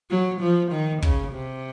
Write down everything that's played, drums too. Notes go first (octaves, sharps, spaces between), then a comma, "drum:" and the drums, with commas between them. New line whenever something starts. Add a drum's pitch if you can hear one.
F#3
F3
D#3
C#3, drum: kick
C3